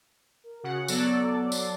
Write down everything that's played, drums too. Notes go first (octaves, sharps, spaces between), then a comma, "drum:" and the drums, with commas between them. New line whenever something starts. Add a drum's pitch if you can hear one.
A#4
C#3 F#4 F#5
F#3 B3 A4 D5, drum: tambourine
C6, drum: tambourine